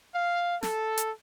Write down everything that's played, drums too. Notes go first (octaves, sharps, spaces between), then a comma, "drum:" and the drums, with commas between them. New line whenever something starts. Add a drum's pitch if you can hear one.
F5
A4, drum: snare
drum: hi-hat